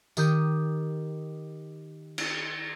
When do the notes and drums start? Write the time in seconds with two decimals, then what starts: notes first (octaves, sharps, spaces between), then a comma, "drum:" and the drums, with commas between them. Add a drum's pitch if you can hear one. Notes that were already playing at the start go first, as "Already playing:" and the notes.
0.17 D#3 G4 D#6 G6, drum: tambourine
2.18 drum: cymbal